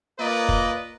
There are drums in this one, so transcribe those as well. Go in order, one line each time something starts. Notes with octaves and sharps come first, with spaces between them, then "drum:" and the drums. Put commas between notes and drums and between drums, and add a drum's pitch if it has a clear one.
A#3 F4 A#4 B4 D5 D#5
drum: kick